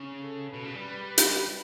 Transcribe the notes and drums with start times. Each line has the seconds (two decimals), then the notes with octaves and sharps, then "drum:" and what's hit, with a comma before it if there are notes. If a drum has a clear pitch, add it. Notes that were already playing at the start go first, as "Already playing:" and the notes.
Already playing: C#3
0.20 A4
0.54 B2 B4
0.65 C#3
0.75 G3
1.18 drum: hi-hat